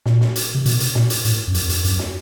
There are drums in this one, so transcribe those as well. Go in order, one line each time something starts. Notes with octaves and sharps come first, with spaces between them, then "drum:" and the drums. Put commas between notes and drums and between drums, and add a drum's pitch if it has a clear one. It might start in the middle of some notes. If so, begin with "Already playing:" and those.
A#2, drum: snare
drum: snare
drum: hi-hat
C3
B2, drum: hi-hat
drum: hi-hat
A#2, drum: snare
drum: hi-hat
A2, drum: hi-hat
F#2
F2, drum: hi-hat
drum: hi-hat
F#2, drum: hi-hat
drum: snare